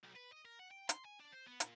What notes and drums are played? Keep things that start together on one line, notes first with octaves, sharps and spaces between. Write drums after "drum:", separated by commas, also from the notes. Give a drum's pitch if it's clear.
B1
B4
D#5
A#4
F#5
G5
C6, drum: hi-hat
G#5
D4
C5
B3
A#2, drum: hi-hat